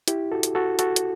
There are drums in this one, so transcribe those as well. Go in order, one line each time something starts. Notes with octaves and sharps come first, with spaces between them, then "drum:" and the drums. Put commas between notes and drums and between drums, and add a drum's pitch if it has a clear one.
E4 G4, drum: hi-hat
F#4 A4
drum: hi-hat
F#4 A4
F#4 A4, drum: hi-hat
drum: hi-hat